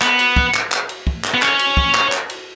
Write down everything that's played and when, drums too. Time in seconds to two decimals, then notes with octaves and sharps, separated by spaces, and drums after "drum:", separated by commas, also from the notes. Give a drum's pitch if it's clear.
0.01 B3, drum: clap
0.19 drum: cymbal
0.36 drum: kick
0.54 drum: clap
0.72 drum: clap
0.89 drum: cymbal
1.07 drum: kick
1.24 drum: clap
1.34 B3
1.42 C#4, drum: clap
1.59 drum: cymbal
1.77 drum: kick
1.94 drum: clap
2.12 drum: clap
2.30 drum: cymbal